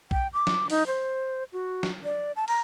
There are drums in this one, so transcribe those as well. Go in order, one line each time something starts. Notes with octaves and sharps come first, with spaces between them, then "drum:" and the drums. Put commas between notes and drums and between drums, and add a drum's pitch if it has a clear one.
G5, drum: kick B1
D6
drum: snare
D#4, drum: open hi-hat
C5
F#4
drum: snare
D5
A5
A#5, drum: cymbal